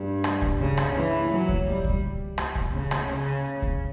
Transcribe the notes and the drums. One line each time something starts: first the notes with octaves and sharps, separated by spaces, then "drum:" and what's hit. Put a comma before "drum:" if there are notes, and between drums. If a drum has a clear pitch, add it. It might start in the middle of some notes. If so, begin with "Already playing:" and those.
Already playing: G2
drum: rim click
drum: kick C#2
C#3
drum: rim click
E3
F#3
drum: kick C#2
G3
drum: kick C#2
drum: rim click
drum: kick C#2
C#3
drum: rim click
C#3
drum: kick C#2